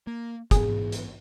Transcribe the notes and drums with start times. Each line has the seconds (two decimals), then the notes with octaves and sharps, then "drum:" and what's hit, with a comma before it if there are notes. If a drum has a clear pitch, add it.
0.07 A#3
0.51 G#2 E3 B3 G#4, drum: kick, hi-hat
0.92 drum: hi-hat